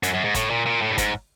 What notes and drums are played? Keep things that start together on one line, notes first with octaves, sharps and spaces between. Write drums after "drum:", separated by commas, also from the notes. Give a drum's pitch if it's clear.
F#2, drum: hi-hat
F#2
G#2
A2, drum: kick, hi-hat
A#2
A#2
A2
G2
G#2, drum: kick, hi-hat